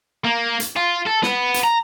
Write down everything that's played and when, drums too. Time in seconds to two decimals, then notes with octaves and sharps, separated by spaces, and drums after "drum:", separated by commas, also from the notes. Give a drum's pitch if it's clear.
0.24 A#3
0.60 drum: hi-hat
0.76 F4
1.06 A4
1.23 B3, drum: snare
1.54 drum: hi-hat
1.64 A#5